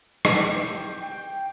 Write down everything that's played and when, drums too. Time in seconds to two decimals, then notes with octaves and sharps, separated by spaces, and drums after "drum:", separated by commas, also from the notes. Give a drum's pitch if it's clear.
0.25 C4 E4 G4 G5, drum: rim click
1.02 G5